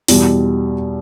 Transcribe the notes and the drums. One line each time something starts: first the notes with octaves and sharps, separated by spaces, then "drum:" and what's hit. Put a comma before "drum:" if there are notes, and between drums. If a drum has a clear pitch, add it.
E2 B2 G3, drum: open hi-hat